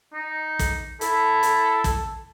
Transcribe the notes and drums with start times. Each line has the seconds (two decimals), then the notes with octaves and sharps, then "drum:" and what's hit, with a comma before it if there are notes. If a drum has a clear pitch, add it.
0.14 D#4
0.59 drum: kick, hi-hat
1.01 E4 A4, drum: hi-hat
1.43 drum: hi-hat
1.84 drum: kick, hi-hat